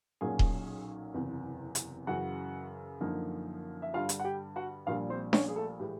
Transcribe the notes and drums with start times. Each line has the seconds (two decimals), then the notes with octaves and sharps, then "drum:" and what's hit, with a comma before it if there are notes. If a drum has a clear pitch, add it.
0.21 B1 A#2 F#3 A#3 C#4 G#4 G#5
0.39 drum: kick D#1
1.14 F#1 E2 C3
1.75 drum: hi-hat
2.07 F#2 C#3 E3 F#4 F#5
3.00 F#2 D3 F3 A#3 D#4
3.82 E5
3.94 G2 D3 G3 F4 F5
4.09 drum: hi-hat
4.20 F#5
4.24 G4 G5
4.56 F#4 F#5
4.86 A#1 A#2 G3 A#3 D4 F4 F5
5.10 C4 C5
5.33 C#4 C#5, drum: snare D4
5.48 G#4
5.56 A3 A4
5.79 A2 E3 G#3 G4